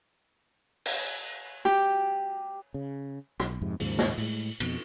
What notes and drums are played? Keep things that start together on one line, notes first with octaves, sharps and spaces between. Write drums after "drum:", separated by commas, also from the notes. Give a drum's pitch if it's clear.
drum: cymbal
G4
C#3
B1, drum: rim click
F2 G#2 C3
D#2 G#2 C#3 F3, drum: open hi-hat
drum: snare
A2 G#3, drum: open hi-hat
F2 B2, drum: cymbal